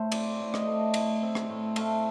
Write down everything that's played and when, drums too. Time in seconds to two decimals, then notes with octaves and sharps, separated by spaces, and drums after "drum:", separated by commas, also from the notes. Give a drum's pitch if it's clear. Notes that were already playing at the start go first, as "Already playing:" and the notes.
Already playing: A2 A3 C5
0.12 C4 D5, drum: cymbal
0.40 A2
0.54 D#5, drum: rim click
0.67 A3
0.94 A2, drum: cymbal
1.22 C4
1.35 drum: rim click
1.49 A2
1.76 A3 F5, drum: cymbal